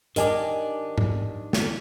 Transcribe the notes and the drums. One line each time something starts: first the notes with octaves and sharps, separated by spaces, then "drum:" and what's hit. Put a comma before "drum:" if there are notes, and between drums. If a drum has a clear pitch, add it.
D#3 D4 G4 A#4 D#5 G#5, drum: hi-hat
drum: tom G#2
drum: snare